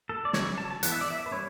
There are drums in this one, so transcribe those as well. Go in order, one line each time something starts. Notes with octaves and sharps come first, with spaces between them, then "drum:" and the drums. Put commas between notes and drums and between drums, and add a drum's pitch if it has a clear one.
A4
D5
C#3 F#3 C#4 C#5, drum: snare
A5
A5
E3 B3 F#5, drum: hi-hat
E5
D5
E5
B4
G3 C#4 C#5